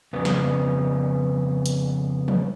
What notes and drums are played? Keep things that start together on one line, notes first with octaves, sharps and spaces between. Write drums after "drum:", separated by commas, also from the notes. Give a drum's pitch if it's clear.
F2 C#3 B3
drum: snare
drum: hi-hat
drum: tom D#3